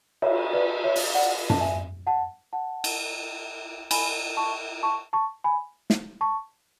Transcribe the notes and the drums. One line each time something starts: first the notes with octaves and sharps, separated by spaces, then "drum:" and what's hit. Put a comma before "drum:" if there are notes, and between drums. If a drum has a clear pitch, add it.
C#5 E5, drum: cymbal
B4 D5
C#5 E5
drum: open hi-hat
D5 F#5
A5, drum: tom F#2
E5 G#5
F#5 A5
F#5 A5
drum: cymbal
G#5 B5, drum: cymbal
A5 C#6
A5 C#6
A5 C#6
G#5 B5
drum: snare
A5 C#6